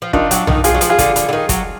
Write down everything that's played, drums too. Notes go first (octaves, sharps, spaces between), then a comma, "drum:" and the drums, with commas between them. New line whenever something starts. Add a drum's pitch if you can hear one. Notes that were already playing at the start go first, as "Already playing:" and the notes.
F3
D#3 D4 F4, drum: kick
F#3, drum: hi-hat
D#3, drum: tom B1
F3 F4 G#4, drum: hi-hat
F#3
F3, drum: hi-hat
F4 G#4
D3, drum: kick, hi-hat
D3, drum: hi-hat
D3
D#3
F#3, drum: kick, hi-hat